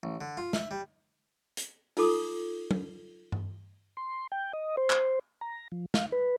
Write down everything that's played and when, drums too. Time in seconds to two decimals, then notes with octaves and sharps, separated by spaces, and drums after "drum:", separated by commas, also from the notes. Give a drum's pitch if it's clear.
0.03 A1
0.21 D3
0.37 F4
0.53 E5, drum: snare
0.71 G3
1.57 drum: hi-hat
1.97 D#4 F4 A4 D6 D#6, drum: open hi-hat
2.71 drum: tom
3.32 drum: tom G2
3.97 C6
4.32 G5
4.53 D#5
4.77 C5
4.90 drum: clap
5.41 A#5
5.72 F3
5.94 F5, drum: snare
6.12 B4